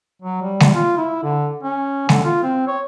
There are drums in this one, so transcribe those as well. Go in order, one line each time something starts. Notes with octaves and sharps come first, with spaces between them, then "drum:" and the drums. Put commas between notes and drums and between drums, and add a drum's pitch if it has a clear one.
F#3
G3
drum: snare G#3
F4
E4
D3
C#4
D3, drum: snare G#3
F4
C4
C#5